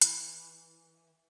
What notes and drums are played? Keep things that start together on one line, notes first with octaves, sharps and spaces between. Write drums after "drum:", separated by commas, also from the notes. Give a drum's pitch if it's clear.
E3, drum: hi-hat